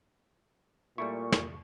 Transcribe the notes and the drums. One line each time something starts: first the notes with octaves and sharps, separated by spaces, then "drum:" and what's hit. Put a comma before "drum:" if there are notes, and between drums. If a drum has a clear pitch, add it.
A#2 G3 A3 E4 C#6
drum: snare